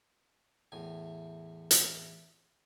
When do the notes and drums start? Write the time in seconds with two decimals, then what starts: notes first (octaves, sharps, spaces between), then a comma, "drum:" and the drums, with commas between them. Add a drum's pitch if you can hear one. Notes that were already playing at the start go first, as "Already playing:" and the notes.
0.72 E2 A2 G#5
1.71 drum: hi-hat